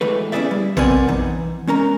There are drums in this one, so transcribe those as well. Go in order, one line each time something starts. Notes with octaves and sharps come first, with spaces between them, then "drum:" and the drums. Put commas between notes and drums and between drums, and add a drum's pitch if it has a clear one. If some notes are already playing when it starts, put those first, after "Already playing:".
D2 A2 E3 G#3 A3 B4
C#4 E4 F4 G#4 D5 E5
G3
B3 C4 A#4 D5 G#5, drum: tom A#1
E3 D#4
G#3 C#4 A#4 A#5